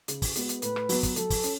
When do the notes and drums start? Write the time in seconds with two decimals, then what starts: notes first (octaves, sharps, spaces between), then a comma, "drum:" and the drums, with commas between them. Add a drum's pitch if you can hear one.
0.08 C#3, drum: hi-hat
0.22 drum: kick, open hi-hat
0.36 G#3 B3 F#4, drum: hi-hat
0.49 drum: hi-hat
0.62 A2 B4, drum: hi-hat
0.76 drum: rim click
0.89 F#3 B3, drum: open hi-hat
1.03 drum: kick, hi-hat
1.16 F#3 A4, drum: hi-hat
1.30 drum: kick, open hi-hat
1.44 C#4, drum: hi-hat